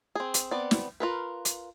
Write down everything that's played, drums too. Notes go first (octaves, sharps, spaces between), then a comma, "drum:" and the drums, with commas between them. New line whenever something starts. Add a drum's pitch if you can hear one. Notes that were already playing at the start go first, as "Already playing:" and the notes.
C4 G#4
drum: hi-hat
B3 C4 D5
drum: snare
F4 A#4 B4
drum: hi-hat